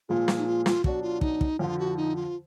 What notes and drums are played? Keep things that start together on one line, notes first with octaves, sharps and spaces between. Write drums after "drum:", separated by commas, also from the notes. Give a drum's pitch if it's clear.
A#2 F3 G#3 F4
drum: snare
D#4
F4
F4, drum: snare
B2 F#3 D4 F#4, drum: kick
F4
D#4, drum: kick
drum: kick
F2 D3 F3 F4
F#4
D#4
F4